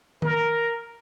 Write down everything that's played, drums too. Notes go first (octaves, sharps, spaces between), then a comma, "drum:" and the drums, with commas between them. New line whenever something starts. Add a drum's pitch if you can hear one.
A#4, drum: tom D#3